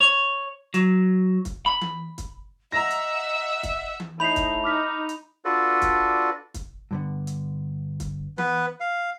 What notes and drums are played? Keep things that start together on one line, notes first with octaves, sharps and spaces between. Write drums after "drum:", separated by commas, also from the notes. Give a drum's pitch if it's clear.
C#5
F#3, drum: hi-hat
drum: kick, hi-hat
B5
drum: tom E3
drum: kick, hi-hat
D#5 E5 F#5 A#5 A#6
drum: hi-hat
drum: kick, hi-hat
drum: tom E3
A2 D#4 B5 G6 B6 C7 F7
drum: kick, hi-hat
D#4 D6 F6 B6
drum: hi-hat
D4 F4 F#4 A4 B4 D5
drum: kick, hi-hat
drum: kick, hi-hat
G2 D3 B3
drum: hi-hat
drum: kick, hi-hat
B3 B4, drum: tom E3
F5